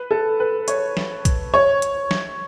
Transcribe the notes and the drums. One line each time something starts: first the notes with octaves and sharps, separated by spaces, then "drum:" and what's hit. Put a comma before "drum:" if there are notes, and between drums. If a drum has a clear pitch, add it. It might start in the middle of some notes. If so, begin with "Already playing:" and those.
Already playing: B4
A4
B4
C#5, drum: hi-hat
drum: snare
drum: kick, hi-hat
C#5
drum: hi-hat
drum: snare